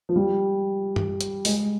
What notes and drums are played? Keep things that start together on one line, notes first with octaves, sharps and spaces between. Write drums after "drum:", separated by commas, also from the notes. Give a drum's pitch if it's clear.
F3
G3
drum: tom G2
drum: hi-hat
G#3, drum: open hi-hat